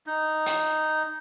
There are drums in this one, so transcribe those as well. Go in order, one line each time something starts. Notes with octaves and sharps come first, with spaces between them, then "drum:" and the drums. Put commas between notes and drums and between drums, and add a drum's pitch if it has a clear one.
D#4
drum: hi-hat